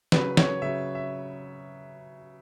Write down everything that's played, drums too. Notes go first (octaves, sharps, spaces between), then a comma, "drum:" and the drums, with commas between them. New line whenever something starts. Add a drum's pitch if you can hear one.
C#3 F#3 B4, drum: snare
C#5, drum: snare
C#3 F#3 E5
E5